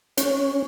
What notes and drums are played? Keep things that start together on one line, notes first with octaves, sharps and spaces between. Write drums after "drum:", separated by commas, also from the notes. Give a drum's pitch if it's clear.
C#4, drum: hi-hat